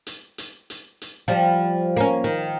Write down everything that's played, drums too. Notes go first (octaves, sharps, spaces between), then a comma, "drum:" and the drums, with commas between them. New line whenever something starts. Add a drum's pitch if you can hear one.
drum: hi-hat
drum: hi-hat
drum: hi-hat
drum: hi-hat
F3 G3
A#3 C#4
D#3